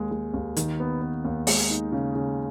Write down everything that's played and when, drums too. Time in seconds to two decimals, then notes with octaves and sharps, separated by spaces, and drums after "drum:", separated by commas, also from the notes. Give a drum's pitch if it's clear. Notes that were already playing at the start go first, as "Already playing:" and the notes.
Already playing: D#2 G#3
0.11 G#3
0.34 D#2
0.56 D#3, drum: hi-hat
0.80 B3
1.02 B3
1.25 D#2
1.47 G#3, drum: open hi-hat
1.70 D#4
1.92 C#3
2.15 C#3